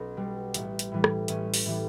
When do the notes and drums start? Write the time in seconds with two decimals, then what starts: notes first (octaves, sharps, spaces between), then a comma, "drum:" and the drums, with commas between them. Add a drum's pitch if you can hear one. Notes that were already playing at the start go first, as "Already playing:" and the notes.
Already playing: B1 B3 C#4
0.17 B2 G3
0.54 A1, drum: hi-hat
0.79 drum: hi-hat
0.92 A2 E3 G3
1.04 drum: rim click
1.28 A1 C#4, drum: hi-hat
1.54 drum: open hi-hat
1.66 A2 E3 G3